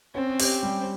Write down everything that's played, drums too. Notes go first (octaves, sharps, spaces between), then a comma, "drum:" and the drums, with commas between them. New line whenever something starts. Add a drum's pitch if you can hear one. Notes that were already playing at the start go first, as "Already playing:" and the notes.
C4 C#4
G4, drum: open hi-hat
G3